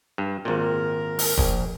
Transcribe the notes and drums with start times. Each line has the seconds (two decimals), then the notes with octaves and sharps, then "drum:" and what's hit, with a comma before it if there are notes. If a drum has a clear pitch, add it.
0.18 G2
0.45 G#1 A#2 A#4
1.19 drum: open hi-hat
1.38 A#1, drum: kick